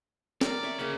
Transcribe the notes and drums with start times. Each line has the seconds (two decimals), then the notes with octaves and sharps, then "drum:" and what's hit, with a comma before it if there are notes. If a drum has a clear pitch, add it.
0.41 G4 A#4 D5, drum: snare
0.63 C#5 E5
0.79 D2 C#3 A#3 C#5 B5